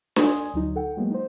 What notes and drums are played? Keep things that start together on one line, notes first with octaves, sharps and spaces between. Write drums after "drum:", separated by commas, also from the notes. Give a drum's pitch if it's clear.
G#5 C6 D#6 G#6, drum: snare D4
D2 F#3 D#4
A4 F#5 G5
F#3 G#3 A#3 B3
D#4 C5